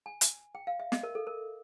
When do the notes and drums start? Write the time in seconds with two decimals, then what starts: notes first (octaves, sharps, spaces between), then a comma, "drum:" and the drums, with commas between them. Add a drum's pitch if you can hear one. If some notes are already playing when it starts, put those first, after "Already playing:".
0.06 G#5
0.21 drum: hi-hat
0.55 G5
0.67 F5
0.80 E5
0.92 D#5, drum: snare
1.03 A#4
1.15 A4
1.27 A#4